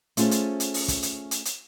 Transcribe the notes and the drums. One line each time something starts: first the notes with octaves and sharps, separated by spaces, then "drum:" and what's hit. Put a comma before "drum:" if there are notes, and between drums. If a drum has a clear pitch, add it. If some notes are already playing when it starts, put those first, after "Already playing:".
A3 C#4 F4 G#4 C5, drum: hi-hat
drum: hi-hat
drum: hi-hat
drum: open hi-hat
drum: kick, hi-hat
drum: hi-hat
drum: hi-hat
drum: hi-hat